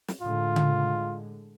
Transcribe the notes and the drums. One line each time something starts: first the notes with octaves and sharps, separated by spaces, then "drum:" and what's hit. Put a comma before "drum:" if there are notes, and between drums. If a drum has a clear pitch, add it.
drum: snare
A2 D3 G#3 F4
drum: tom C#3